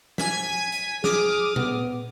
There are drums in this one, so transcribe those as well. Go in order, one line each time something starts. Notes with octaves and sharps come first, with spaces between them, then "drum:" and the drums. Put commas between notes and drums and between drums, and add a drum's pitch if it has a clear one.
G#5 G#6 B6, drum: snare
drum: hi-hat
G#4 D6 D#6 F6, drum: snare
B3, drum: tom A#2